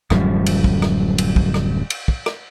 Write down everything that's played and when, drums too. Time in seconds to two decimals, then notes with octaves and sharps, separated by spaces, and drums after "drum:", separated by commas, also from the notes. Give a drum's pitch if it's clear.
0.10 D1 F#2 F3 G3, drum: rim click
0.46 drum: cymbal
0.64 drum: kick
0.82 drum: rim click
1.18 drum: cymbal
1.36 drum: kick
1.54 drum: rim click
1.90 drum: cymbal
2.08 drum: kick
2.26 drum: rim click